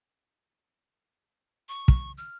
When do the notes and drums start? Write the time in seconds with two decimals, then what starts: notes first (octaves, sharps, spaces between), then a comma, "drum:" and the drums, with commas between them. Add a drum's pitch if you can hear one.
1.69 C#6
1.88 drum: kick
2.18 F6